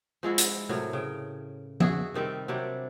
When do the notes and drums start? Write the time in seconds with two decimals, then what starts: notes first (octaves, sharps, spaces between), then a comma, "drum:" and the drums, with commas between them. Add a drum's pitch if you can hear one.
0.23 F3 G#3 E4 F#4
0.38 drum: hi-hat
0.69 A2 C3 F#3 A#4
0.93 C#3 G5
1.80 F#4 G#4 E5, drum: tom F3
2.14 C3 D#3 G3 C4
2.48 C3 F#3 G3 D4